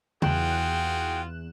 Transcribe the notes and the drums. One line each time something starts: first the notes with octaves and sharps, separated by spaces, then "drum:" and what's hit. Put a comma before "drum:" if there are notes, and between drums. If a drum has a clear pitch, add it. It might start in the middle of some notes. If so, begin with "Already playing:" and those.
E2 F4 F#4 G#4 G5 F#6 E7, drum: tom C#3